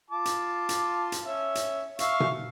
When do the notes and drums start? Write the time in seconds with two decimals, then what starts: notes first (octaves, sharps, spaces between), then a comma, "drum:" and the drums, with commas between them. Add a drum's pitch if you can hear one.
0.11 F4 A5 D6
0.25 drum: hi-hat
0.69 drum: hi-hat
1.12 drum: hi-hat
1.25 C#4 E5
1.55 drum: hi-hat
1.99 E5 F5 C#6, drum: hi-hat
2.20 drum: tom B2